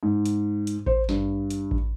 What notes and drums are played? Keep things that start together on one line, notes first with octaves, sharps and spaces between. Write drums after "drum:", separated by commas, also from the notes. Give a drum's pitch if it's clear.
G#2
drum: hi-hat
drum: hi-hat
C5, drum: kick A1
G2, drum: snare
drum: hi-hat
drum: kick A1